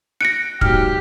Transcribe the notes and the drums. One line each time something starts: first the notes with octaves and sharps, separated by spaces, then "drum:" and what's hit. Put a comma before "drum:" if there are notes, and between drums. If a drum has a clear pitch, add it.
F#6 A#6 C#7 D7
G#2 B2 F#3 G4 F6, drum: kick